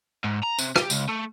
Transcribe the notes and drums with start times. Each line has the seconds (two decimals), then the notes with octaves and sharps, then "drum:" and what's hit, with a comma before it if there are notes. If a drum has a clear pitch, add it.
0.24 G#2
0.43 A#5
0.59 C3, drum: tambourine
0.76 G4, drum: rim click
0.90 C#2, drum: tambourine
1.09 A3